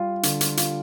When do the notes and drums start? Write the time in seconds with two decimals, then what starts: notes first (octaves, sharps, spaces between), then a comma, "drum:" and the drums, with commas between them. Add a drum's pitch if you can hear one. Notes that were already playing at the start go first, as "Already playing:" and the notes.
Already playing: G3 F4
0.23 D3, drum: hi-hat
0.41 drum: hi-hat
0.57 F4, drum: hi-hat